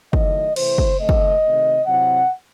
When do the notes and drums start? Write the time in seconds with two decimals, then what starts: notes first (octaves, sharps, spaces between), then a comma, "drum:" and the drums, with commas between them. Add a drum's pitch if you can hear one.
0.13 D#3 F#3 A3 E4 D#5, drum: kick
0.56 C3 E3 A3 C4 E4 C5, drum: cymbal
0.78 drum: kick
0.99 D#3 A3 C4 D#5
1.09 drum: kick
1.42 C3 D#3 A3
1.86 C3 F#3 C4 E4 F#5